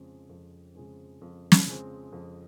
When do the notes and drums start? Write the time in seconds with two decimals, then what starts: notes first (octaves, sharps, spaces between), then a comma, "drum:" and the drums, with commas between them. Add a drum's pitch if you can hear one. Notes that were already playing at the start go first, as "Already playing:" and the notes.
Already playing: F2 C#3 G#3 C4
0.29 F2
0.75 C#3 G#3 C4
1.21 F2
1.52 drum: snare
1.67 C#3 G#3 C4
2.12 F2